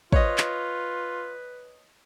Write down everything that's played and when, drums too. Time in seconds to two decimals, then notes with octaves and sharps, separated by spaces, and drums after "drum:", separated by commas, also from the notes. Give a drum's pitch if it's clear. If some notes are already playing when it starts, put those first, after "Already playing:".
0.12 F4 B4 C#5 D#5, drum: kick
0.38 drum: clap